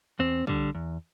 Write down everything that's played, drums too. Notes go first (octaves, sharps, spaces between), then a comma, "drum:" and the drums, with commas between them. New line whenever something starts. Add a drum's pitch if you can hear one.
E2 C4
D3 G3, drum: kick
E2